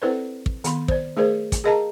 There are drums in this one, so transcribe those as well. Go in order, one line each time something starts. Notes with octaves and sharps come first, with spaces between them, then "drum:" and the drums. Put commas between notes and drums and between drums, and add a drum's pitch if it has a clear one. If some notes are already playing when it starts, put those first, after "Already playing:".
C4 E4 A4 B4 C5 D5
drum: kick
D#3 B3 B5 C6, drum: hi-hat
C5 D5, drum: kick
A3 G#4 A#4 C5 D5
drum: kick, hi-hat
G#4 A#4 D#5 F5 A5 A#5